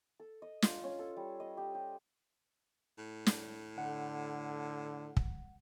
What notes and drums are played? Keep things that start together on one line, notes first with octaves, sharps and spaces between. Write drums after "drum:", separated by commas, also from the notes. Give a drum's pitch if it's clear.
A4
D#5
F4, drum: snare
C#4
A4
G3
D#5
G4
G4
A2
drum: snare
D3 F#5
drum: kick